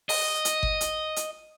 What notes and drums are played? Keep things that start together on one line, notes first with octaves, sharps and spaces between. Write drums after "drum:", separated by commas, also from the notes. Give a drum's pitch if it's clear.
D#5, drum: open hi-hat
drum: hi-hat
drum: kick G1
drum: hi-hat
drum: hi-hat